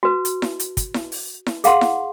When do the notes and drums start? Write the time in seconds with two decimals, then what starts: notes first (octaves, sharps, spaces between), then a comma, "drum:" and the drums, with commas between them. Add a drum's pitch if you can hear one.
0.03 F#4 B4
0.25 drum: hi-hat
0.42 drum: snare E4
0.60 drum: hi-hat
0.77 drum: kick, hi-hat
0.94 drum: snare E4
1.12 drum: open hi-hat
1.47 drum: snare E4
1.64 G#4 F5 F#5 C6, drum: hi-hat
1.81 drum: snare E4